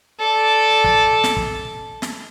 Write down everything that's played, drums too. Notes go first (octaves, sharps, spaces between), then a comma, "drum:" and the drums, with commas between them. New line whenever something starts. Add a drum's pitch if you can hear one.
A4 D5
drum: kick
drum: snare
drum: kick
drum: snare